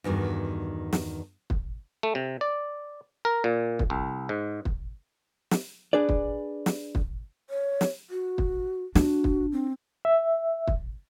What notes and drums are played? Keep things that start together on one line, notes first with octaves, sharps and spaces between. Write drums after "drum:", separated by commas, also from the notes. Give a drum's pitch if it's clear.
E2 G2 D#3 F#4
drum: snare
drum: kick
A3
C3
D5
A#4
A#2
drum: kick
C2
G#2
drum: kick
drum: snare
D4 G#4 B4 D5
drum: kick
drum: snare
drum: kick
C#5
drum: snare
F#4
drum: kick
D4 F#4, drum: snare
drum: kick
C4
E5
drum: kick